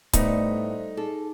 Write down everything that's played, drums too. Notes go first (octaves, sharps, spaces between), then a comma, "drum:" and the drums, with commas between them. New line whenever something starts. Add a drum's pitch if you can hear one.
A2 G3 A3 B3 D#4 C5 E5, drum: kick C#1, hi-hat
D#4 G#4 A4